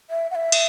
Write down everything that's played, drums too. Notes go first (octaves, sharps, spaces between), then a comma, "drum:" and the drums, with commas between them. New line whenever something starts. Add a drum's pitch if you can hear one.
E5
F#5
E5
drum: cymbal